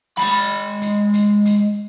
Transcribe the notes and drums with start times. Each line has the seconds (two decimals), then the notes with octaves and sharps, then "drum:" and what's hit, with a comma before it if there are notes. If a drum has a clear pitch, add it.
0.17 G#3 B5, drum: hi-hat
0.81 drum: hi-hat
1.13 drum: hi-hat
1.45 drum: hi-hat